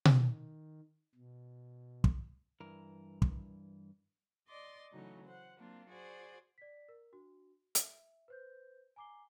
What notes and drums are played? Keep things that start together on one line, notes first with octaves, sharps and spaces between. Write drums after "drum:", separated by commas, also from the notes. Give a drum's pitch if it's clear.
drum: tom B2
D#3
B2
drum: kick
G2 E3 A#4
drum: kick
D5 D#5 C6 D6
C#3 E3 F#3 A3 D#4
C5 F#5
F#3 A#3 C4 D4 F4
F#4 G#4 C5 D5
D5 B6
A#4
D4 F#4
E5, drum: hi-hat
B4 C5 G6
G#5 A#5 D6 C7 G7